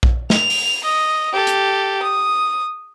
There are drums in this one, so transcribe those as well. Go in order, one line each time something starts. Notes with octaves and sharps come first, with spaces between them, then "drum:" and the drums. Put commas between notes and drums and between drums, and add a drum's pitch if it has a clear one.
drum: kick A#1
F7, drum: snare
drum: open hi-hat
D#5
G4 A4
drum: hi-hat
D#6